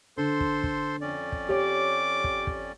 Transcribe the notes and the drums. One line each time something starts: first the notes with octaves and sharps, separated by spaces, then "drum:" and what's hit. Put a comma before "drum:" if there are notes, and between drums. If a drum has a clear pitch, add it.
D3 A4 C5 C6
drum: kick
drum: kick
F2 C#4 D5
drum: kick
G4 C#5 D6
drum: kick
drum: kick